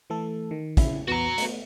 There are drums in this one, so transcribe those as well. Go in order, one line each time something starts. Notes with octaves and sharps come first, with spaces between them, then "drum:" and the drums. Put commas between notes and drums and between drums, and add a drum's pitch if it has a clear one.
E3 A3 A4
D#3
C#3 E4, drum: kick, hi-hat
E2 B3 F#4 A#5
A3 B3, drum: hi-hat